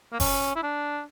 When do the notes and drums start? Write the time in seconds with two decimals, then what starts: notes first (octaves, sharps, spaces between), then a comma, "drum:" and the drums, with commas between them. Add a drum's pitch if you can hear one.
0.12 A#3
0.20 C#4, drum: kick F#1, open hi-hat
0.56 E4
0.63 D4